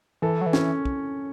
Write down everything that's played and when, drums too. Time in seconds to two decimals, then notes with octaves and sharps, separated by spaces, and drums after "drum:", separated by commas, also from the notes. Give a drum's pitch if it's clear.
0.22 E3 A4
0.41 F#3
0.46 E3
0.53 C#4, drum: snare
0.85 drum: kick